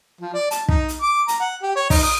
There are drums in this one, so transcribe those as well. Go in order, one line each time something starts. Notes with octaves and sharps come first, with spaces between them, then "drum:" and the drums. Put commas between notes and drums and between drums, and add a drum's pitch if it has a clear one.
F3
D5
A5, drum: hi-hat
D#4, drum: kick
drum: hi-hat
D6
A#5, drum: hi-hat
F#5
G4
C#5
D#4, drum: kick, open hi-hat
D#6